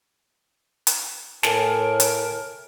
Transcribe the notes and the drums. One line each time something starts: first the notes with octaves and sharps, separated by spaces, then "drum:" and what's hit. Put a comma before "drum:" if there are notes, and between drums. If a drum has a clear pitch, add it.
drum: hi-hat
A2 A#4 G#5 A5, drum: snare
drum: hi-hat